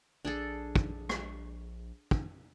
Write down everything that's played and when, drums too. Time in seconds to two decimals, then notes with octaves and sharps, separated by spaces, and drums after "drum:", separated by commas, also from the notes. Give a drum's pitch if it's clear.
0.25 A#1 D4 G#4 A4
0.76 drum: kick
1.09 drum: rim click
2.11 drum: kick